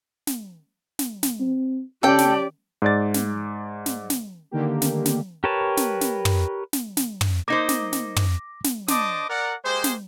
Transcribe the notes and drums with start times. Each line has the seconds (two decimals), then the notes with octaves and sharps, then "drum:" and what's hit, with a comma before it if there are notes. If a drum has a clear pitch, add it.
0.27 drum: snare
0.99 drum: snare
1.23 drum: snare
1.40 C4
2.03 C#3 C#4 G4 A4 D5 G5
2.18 drum: snare
2.82 G#2 D5 A6
3.14 drum: snare
3.86 drum: snare
4.10 drum: snare
4.51 D3 D#3 A#3 G4
4.82 drum: snare
5.06 drum: snare
5.44 G4 A#4 B4 C#5 A5
5.77 drum: snare
6.01 drum: snare
6.25 drum: tom
6.73 drum: snare
6.97 drum: snare
7.21 drum: tom
7.48 A#3 D#4 C5 D6 A#6
7.69 drum: snare
7.93 drum: snare
8.16 drum: tom
8.64 drum: snare
8.88 D4 C5 D#5 A5 D6 D#6, drum: snare
9.30 A#4 D5 F#5
9.65 G#3 A#3 G4 C5
9.84 drum: snare